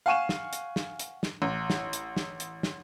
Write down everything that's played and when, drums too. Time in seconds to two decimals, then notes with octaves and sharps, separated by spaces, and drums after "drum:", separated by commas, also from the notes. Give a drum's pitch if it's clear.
0.06 F5 F#5 G#5 C#6 D#7 E7
0.29 drum: snare
0.53 drum: hi-hat
0.76 drum: snare
0.99 drum: hi-hat
1.23 drum: snare
1.42 A1
1.70 drum: snare
1.93 drum: hi-hat
2.17 drum: snare
2.40 drum: hi-hat
2.63 drum: snare